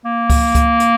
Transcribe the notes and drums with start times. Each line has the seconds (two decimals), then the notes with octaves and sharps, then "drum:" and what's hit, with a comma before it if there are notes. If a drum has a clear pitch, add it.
0.05 A#3
0.30 drum: kick C#2, open hi-hat
0.55 drum: kick C#2, hi-hat
0.80 drum: hi-hat